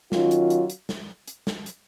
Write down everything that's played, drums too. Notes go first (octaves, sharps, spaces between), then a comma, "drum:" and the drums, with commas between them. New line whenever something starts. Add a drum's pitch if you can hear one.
D#3 F#3 C#4 F4, drum: snare
drum: hi-hat
drum: hi-hat
drum: hi-hat
drum: snare
drum: hi-hat
drum: snare
drum: hi-hat